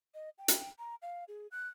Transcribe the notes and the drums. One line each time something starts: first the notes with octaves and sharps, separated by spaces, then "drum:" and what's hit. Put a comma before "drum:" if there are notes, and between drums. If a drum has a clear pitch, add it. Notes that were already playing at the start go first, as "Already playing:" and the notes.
D#5
G5
drum: hi-hat
A#5
F5
G#4
F#6